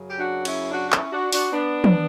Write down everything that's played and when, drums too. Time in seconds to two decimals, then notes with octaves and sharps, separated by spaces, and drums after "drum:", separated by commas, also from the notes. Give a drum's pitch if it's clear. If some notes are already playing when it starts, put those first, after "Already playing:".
Already playing: F#2 C#3 F#3
0.09 G4
0.19 D4 F#4
0.45 C#4 E4, drum: cymbal
0.71 D4 F#4
0.87 F#4
0.92 C#4 E4, drum: clap
1.12 D4 F#4
1.33 D4 F#4, drum: open hi-hat
1.53 B3 D4
1.84 drum: tom